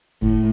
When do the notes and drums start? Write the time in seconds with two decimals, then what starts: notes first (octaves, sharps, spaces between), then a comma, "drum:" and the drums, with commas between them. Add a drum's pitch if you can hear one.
0.22 A2, drum: kick F#1